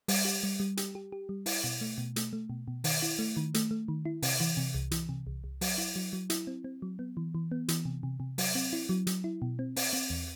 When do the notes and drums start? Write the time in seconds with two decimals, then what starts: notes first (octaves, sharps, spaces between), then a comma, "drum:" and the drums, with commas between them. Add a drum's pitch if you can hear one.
0.08 G3, drum: open hi-hat
0.25 G4
0.43 G3
0.60 G3
0.77 G4, drum: hi-hat
0.95 G4
1.12 G4
1.29 G3
1.46 E4, drum: open hi-hat
1.64 B2
1.81 A3
1.98 B2
2.16 A3, drum: hi-hat
2.33 A3
2.50 B2
2.68 B2
2.84 D#3, drum: open hi-hat
3.02 E4
3.19 A3
3.37 D#3
3.54 A3, drum: hi-hat
3.71 A3
3.88 D#3
4.05 E4
4.22 C3, drum: open hi-hat
4.40 E3
4.57 C3
4.75 C2
4.91 E3, drum: hi-hat
5.09 C3
5.27 C2
5.44 C2
5.61 F#3, drum: open hi-hat
5.78 E4
5.96 F#3
6.13 F#3
6.30 E4, drum: hi-hat
6.47 C4
6.64 C4
6.82 F#3
6.99 B3
7.17 E3
7.35 E3
7.52 B3
7.68 E3, drum: hi-hat
7.85 C3
8.03 C3
8.20 C3
8.38 F#3, drum: open hi-hat
8.55 C4
8.73 E4
8.89 F#3
9.07 F#3, drum: hi-hat
9.24 E4
9.42 B2
9.59 C4
9.76 C4, drum: open hi-hat
9.93 C4
10.10 E2